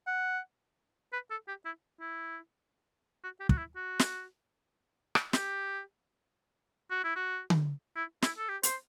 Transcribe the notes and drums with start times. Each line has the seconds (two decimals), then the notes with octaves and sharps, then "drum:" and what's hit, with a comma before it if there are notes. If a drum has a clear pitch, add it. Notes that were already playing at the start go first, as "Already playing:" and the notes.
0.07 F#5
1.13 B4
1.31 A4
1.48 G4
1.65 E4
2.00 E4
3.24 F#4
3.40 G4
3.49 F#4, drum: kick
3.58 E4
3.76 F#4
3.99 drum: snare
5.15 drum: rim click
5.33 G4, drum: snare
6.91 F#4
7.04 E4
7.16 F#4
7.50 drum: tom D3
7.95 E4
8.22 E4, drum: snare
8.37 A4
8.49 G4
8.63 C5, drum: hi-hat